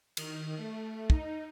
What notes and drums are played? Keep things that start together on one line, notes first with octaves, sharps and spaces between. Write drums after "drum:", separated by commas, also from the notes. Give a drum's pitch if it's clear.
D#3, drum: cymbal
A3
D#4, drum: kick